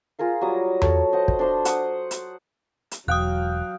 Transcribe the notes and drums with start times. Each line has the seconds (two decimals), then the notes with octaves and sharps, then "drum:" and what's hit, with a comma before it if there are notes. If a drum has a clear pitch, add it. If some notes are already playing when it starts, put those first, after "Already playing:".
0.19 F4 G#4 A#4 F5
0.41 F#3 G3 A#5 D#6
0.82 A4 C#5, drum: tom E2
1.12 C5 D#5 F#5
1.28 drum: kick
1.39 D4 C5 C6
1.65 F#5 D#6, drum: hi-hat
2.11 drum: hi-hat
2.91 drum: hi-hat
3.08 E1 F#3 F5 G5 D#6 F#6